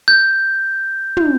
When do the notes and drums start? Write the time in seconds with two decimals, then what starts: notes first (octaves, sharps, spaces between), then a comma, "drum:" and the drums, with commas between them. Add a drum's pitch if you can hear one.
0.08 G6
1.17 drum: tom